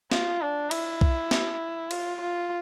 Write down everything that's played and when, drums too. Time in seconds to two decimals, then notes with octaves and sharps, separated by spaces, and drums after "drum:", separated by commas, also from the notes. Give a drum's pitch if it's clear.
0.12 F4, drum: snare
0.42 D4
0.71 E4, drum: cymbal
1.01 drum: kick B1
1.31 drum: snare
1.91 F4, drum: cymbal
2.21 F4